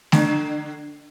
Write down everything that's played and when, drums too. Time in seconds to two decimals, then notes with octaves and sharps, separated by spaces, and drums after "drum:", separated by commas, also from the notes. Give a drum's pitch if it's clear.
0.12 D3, drum: snare A3